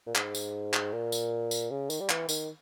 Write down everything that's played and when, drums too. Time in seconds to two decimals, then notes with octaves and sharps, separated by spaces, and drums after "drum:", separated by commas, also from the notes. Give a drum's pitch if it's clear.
0.06 A#2
0.15 G#2, drum: clap
0.35 drum: tambourine
0.74 drum: clap
0.93 A#2
1.12 drum: tambourine
1.51 drum: tambourine
1.71 C#3
1.90 D#3, drum: tambourine
2.00 G3
2.10 E3, drum: clap
2.29 D#3, drum: tambourine